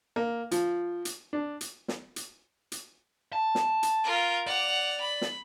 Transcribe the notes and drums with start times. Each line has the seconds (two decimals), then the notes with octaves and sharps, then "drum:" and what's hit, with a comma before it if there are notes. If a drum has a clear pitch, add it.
0.16 A#3
0.51 F3, drum: hi-hat
1.05 drum: hi-hat
1.33 D4
1.61 drum: hi-hat
1.88 drum: snare
2.16 drum: hi-hat
2.72 drum: hi-hat
3.33 A5
3.55 drum: snare
3.83 drum: hi-hat
4.04 F4 A#4
4.47 D5 F#5 F7
5.01 B5
5.21 drum: snare